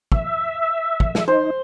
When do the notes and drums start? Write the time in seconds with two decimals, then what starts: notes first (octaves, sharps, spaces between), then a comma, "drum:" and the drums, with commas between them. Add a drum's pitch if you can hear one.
0.12 E5, drum: kick
1.00 drum: kick
1.15 drum: snare
1.28 D#4 C5